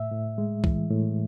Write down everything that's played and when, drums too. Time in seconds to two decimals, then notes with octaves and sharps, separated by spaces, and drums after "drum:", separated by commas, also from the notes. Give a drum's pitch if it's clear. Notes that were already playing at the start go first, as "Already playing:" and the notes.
Already playing: A2 E5
0.12 A2
0.38 G#3
0.64 E3, drum: kick C2
0.90 A2